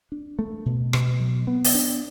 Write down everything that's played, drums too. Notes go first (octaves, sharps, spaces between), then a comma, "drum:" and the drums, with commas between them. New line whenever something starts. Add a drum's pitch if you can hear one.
D4
A3
B2
B2, drum: rim click
F#3
B3
drum: open hi-hat
D4